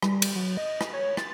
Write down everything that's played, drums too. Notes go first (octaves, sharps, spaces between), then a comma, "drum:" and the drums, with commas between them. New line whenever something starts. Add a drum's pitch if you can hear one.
G3, drum: rim click
drum: cymbal
F#3
D#5
drum: rim click
C#5
A6, drum: rim click